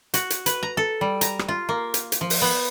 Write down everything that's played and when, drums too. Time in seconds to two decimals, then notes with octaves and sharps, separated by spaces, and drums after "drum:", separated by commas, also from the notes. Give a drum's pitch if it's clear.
0.14 F#4, drum: hi-hat
0.30 drum: hi-hat
0.46 B4, drum: hi-hat
0.63 A#5
0.77 A4
1.01 G3
1.21 A#5, drum: hi-hat
1.39 drum: rim click
1.48 F4
1.69 A#3
1.94 drum: hi-hat
2.12 drum: hi-hat
2.21 F3
2.30 drum: open hi-hat
2.42 B3